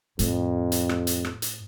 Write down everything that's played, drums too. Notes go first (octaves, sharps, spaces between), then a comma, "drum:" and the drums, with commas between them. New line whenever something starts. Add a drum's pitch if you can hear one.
F2 A2, drum: hi-hat
drum: hi-hat
drum: rim click
drum: hi-hat
drum: rim click
drum: hi-hat